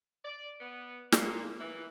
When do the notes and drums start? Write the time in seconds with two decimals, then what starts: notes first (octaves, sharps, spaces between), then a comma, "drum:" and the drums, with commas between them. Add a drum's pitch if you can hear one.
0.24 D5
0.59 B3
1.12 A#2, drum: snare
1.59 E3